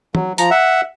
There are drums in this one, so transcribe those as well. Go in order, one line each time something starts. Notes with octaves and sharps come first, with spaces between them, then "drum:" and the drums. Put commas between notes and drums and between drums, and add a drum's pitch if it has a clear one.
F#3, drum: tom
F3 A#5, drum: hi-hat
E5 F#5